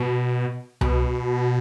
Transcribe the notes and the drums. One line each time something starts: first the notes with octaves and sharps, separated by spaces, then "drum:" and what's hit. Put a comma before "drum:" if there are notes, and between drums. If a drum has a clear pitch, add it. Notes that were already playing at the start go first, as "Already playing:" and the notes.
Already playing: B2
B2, drum: tom C2